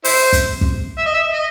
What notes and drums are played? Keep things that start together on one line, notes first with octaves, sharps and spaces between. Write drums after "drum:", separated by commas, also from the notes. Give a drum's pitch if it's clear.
E4 C5, drum: open hi-hat
drum: kick, hi-hat
drum: kick
E5
D#5
E5
D#5